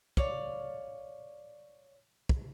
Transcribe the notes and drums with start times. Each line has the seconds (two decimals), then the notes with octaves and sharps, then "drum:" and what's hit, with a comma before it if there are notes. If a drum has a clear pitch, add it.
0.17 C#5 D5 F5, drum: kick
2.29 drum: kick